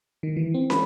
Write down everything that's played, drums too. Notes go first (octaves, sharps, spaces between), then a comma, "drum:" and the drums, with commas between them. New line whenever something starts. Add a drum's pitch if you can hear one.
D#3
E3
C4
B5, drum: snare